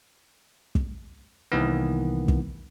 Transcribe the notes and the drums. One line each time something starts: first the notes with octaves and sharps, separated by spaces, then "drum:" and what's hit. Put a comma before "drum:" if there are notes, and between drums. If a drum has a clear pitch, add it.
drum: kick
C2 D#3 E3 A#3 B3
drum: kick